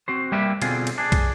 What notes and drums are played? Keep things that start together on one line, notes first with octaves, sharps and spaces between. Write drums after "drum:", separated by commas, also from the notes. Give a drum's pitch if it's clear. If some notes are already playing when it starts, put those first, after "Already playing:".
C4 F#4 C5
G3 A#3 G4 B4 E5
B2 D3 C4 F4 G#4, drum: cymbal
drum: cymbal
D4 G#4
drum: kick, cymbal